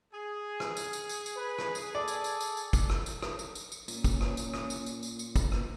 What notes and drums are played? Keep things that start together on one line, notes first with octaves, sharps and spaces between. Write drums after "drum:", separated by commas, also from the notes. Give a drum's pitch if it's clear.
G#4
drum: rim click
drum: tambourine
drum: tambourine
drum: tambourine
drum: tambourine
B4
drum: rim click
drum: tambourine
A4 D5
drum: tambourine
drum: tambourine
drum: tambourine
drum: tambourine
drum: kick, tambourine
drum: rim click
drum: tambourine
drum: rim click
drum: tambourine
drum: tambourine
drum: tambourine
A#2 C#4, drum: tambourine
drum: kick, tambourine
drum: rim click
drum: tambourine
drum: rim click
drum: tambourine
drum: tambourine
drum: tambourine
drum: tambourine
drum: kick, tambourine
drum: rim click